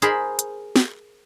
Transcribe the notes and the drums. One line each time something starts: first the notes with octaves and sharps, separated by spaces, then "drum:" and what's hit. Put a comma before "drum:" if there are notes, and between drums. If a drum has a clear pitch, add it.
G#4 A#4 C5 B5
drum: hi-hat
drum: snare